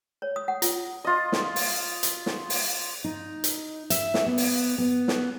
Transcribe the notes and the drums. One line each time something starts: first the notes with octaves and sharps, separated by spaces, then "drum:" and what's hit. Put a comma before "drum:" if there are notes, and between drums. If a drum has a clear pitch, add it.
C#5
D#6
F#5
F4, drum: hi-hat
F4 D#5
drum: snare
drum: open hi-hat
drum: hi-hat
drum: snare
drum: open hi-hat
D#4
drum: hi-hat
E5, drum: hi-hat
drum: snare
B3
drum: open hi-hat
B3
drum: snare